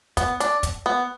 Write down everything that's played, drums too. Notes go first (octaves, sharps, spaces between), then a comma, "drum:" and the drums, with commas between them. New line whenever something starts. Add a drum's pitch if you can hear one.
B3, drum: kick, hi-hat
D4, drum: hi-hat
drum: kick, hi-hat
B3